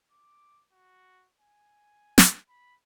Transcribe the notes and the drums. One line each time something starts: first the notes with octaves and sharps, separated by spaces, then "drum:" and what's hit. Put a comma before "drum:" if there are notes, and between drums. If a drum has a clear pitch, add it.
D6
F#4
G#5
drum: snare
B5